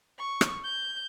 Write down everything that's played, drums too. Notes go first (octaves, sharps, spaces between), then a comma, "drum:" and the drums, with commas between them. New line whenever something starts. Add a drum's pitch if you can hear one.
C#6
drum: rim click
G6